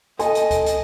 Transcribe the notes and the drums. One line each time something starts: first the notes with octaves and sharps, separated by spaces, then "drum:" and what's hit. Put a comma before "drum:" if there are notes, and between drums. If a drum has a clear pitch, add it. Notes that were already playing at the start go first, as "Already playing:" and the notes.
A4 D#5 G#5, drum: hi-hat
drum: hi-hat
drum: kick C#2, hi-hat
drum: hi-hat